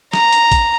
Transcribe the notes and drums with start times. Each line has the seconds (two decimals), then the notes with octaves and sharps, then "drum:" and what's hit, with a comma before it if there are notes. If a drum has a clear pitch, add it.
0.13 A#5, drum: snare
0.32 drum: hi-hat
0.52 drum: kick A1, hi-hat